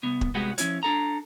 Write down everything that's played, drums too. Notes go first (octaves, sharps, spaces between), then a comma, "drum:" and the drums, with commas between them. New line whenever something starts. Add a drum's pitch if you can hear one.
C2 B3
drum: kick
C2 G#3 B3 F#4 G4 F#5
F3 C#4 E4 C#5, drum: hi-hat
D4 A4 A#5